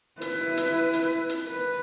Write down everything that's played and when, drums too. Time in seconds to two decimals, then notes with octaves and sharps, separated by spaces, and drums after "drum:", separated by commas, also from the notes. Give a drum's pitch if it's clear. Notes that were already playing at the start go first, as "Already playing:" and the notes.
0.21 E4 B4, drum: hi-hat
0.57 drum: hi-hat
0.93 drum: hi-hat
1.29 drum: hi-hat
1.47 B4